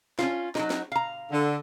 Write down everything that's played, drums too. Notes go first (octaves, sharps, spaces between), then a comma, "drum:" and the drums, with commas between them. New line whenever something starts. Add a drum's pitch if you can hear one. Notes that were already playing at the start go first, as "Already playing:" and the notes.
C#4 F4, drum: snare
F#3 D#4, drum: snare
drum: snare
F5 A#5
D3